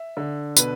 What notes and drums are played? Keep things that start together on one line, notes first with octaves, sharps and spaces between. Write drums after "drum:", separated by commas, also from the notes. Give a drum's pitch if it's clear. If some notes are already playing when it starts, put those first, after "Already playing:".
Already playing: E5
D3
B2 B4, drum: tambourine